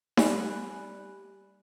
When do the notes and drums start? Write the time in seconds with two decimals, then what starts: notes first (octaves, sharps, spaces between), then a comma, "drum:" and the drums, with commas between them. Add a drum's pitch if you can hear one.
0.17 G3 G4 D5 G#5 B5 F#6, drum: snare D#4